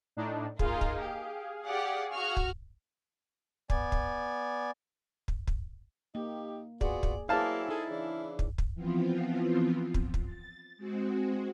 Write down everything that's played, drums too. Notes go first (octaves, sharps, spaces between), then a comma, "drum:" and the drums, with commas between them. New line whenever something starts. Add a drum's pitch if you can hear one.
A2 D4 D#4
A#3 D#4 F4 G#4 F5, drum: kick
drum: kick
G4
G4 D5 F#5
F#4 C#6 F6
drum: kick
B3 D5 G#5, drum: kick
drum: kick
drum: kick
drum: kick
A#3 D#4 G4
B3 F4 F#4 G#4 D5, drum: kick
drum: kick
F#3 A#3 E4 G#4 C5 D5 F5 A5
D#4 G#4 A4
C#3 E3 D4
drum: kick
drum: kick
E3 F3 B3 C4 F4
drum: kick
drum: kick
A6
G#3 C4 F#4